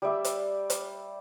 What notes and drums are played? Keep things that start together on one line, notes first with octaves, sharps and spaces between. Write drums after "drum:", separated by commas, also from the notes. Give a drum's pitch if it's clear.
G3 D5 E5 E6
drum: hi-hat
drum: hi-hat